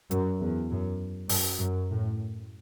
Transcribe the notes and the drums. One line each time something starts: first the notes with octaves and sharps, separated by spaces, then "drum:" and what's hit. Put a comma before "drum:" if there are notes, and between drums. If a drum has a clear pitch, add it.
F#2, drum: hi-hat
E2
F#2
F#2, drum: open hi-hat
F#2
A2